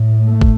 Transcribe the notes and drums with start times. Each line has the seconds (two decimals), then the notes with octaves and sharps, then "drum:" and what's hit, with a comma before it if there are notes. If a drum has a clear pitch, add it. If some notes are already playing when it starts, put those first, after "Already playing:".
Already playing: A2
0.25 A3
0.41 drum: kick